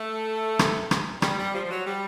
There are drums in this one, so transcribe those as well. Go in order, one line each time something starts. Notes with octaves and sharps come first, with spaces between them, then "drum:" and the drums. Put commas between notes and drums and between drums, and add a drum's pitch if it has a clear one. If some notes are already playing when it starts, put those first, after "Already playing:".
Already playing: A3
drum: rim click
drum: rim click
G3, drum: rim click
G3
F3
F3
F#3
G3